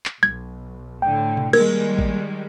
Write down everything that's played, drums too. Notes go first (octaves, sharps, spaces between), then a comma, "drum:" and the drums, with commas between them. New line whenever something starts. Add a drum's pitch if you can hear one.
drum: clap
B1 G#6
A2 D3 G5
drum: tom B2
D#3 G3 G#3 A#3 A#4 G#6, drum: cymbal
drum: kick A1